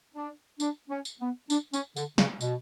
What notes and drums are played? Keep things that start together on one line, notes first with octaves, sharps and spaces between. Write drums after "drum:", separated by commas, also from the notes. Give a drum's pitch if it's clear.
D4
D4, drum: tambourine
C#4
drum: tambourine
B3
D4, drum: tambourine
C#4, drum: tambourine
D3, drum: tambourine
C#3, drum: snare
B2, drum: tambourine